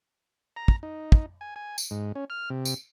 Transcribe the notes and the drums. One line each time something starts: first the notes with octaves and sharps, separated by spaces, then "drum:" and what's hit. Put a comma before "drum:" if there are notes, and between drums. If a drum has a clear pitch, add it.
A#5
drum: kick
D#4
drum: kick
G#5
G#5
drum: tambourine
G#2
C#4
F6
C3
drum: tambourine